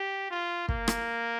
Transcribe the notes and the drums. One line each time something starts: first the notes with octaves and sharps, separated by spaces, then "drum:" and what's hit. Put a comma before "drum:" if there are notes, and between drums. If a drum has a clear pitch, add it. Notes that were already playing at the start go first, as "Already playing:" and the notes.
Already playing: G4
F4
A#3, drum: kick
drum: rim click